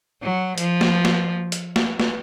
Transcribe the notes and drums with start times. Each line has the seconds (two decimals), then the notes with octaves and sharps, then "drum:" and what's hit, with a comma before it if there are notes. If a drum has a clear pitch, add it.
0.22 F#3
0.58 F3, drum: hi-hat
0.81 drum: snare
1.05 drum: snare
1.52 drum: hi-hat
1.76 drum: snare
2.00 drum: snare